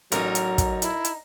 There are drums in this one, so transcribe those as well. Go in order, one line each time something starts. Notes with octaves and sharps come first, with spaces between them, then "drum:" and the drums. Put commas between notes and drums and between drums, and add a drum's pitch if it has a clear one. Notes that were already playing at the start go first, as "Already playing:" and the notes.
A1 F#3 D#4 A#4, drum: hi-hat
drum: hi-hat
drum: kick, hi-hat
E4, drum: hi-hat
drum: hi-hat